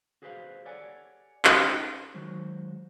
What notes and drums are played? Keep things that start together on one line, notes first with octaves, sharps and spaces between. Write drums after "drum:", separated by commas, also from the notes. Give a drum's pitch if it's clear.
F#4 G#4 B4 C5 D#5 F5
G4 A4 C#5 D5 F#5 G#5
C#4 D#4, drum: clap
D#3 F#3 G#3 F#4 C5